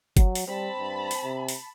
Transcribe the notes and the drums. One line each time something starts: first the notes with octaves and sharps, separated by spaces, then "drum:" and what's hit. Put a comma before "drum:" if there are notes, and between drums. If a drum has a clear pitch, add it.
F#3, drum: kick G1, hi-hat
drum: open hi-hat
G3 C4 A5 B5
G2
drum: open hi-hat
C3
drum: open hi-hat